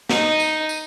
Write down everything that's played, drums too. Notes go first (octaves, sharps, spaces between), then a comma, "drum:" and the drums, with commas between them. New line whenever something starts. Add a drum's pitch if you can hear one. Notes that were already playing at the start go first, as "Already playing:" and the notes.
D#4, drum: snare
drum: tambourine
drum: tambourine